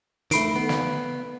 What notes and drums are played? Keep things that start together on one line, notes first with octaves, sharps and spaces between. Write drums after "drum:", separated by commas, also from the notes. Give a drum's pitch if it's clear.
D#3 A3 B5 C7 D7, drum: hi-hat
B3 B5
drum: snare